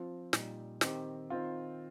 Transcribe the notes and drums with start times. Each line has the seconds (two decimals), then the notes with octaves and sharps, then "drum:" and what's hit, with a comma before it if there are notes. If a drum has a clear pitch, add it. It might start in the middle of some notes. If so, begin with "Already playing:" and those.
Already playing: F3 C4 F4
0.33 A#2 G3 D#4, drum: snare
0.81 D#3 C4 G4, drum: snare
1.30 D#3 C4 F4